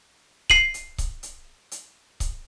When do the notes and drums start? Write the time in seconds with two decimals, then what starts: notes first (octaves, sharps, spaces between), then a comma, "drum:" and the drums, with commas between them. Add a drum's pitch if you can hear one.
0.50 C7 D#7 F#7, drum: kick C#1
0.74 drum: hi-hat
0.98 drum: kick C#1, hi-hat
1.23 drum: hi-hat
1.71 drum: hi-hat
2.20 drum: kick C#1, hi-hat